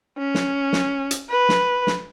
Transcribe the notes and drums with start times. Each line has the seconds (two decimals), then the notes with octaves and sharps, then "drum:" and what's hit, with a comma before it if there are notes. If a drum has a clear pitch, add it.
0.18 C#4
0.35 drum: snare
0.73 drum: snare
1.11 drum: hi-hat
1.30 B4
1.49 drum: snare
1.87 drum: snare